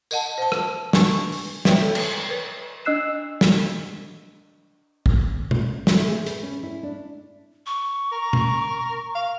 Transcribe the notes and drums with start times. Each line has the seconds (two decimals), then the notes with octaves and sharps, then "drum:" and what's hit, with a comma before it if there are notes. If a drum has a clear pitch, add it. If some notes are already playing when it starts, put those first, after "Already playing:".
0.11 A#4 D#5 F#5 A5, drum: tambourine
0.38 C5 A5
0.52 drum: rim click
0.93 D4 B4 G#5 C#6, drum: snare
1.32 drum: open hi-hat
1.65 A#4 B4 C#5 D5 E5 G5, drum: snare
1.81 A4
1.95 drum: cymbal
2.29 A#4 B4 C#5
2.85 D4 D#5 E6 F#6 C7 E7
3.41 drum: snare
5.06 drum: kick
5.51 drum: tom B2
5.87 A3, drum: snare
6.08 G#4
6.26 B4, drum: hi-hat
6.43 C#4
6.63 E4
6.83 D4
7.66 C#6
8.12 A#4
8.33 drum: tom B2
9.15 F5